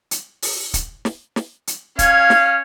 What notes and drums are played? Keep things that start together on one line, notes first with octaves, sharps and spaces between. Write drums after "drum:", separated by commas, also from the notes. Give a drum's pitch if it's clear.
drum: hi-hat
drum: open hi-hat
drum: kick, hi-hat
drum: snare
drum: snare
drum: hi-hat
C#4 F5 G#6, drum: kick, hi-hat
drum: snare